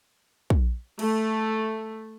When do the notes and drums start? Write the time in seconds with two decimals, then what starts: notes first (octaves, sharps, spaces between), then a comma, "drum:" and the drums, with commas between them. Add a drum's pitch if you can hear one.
0.50 drum: kick
0.99 A3, drum: cymbal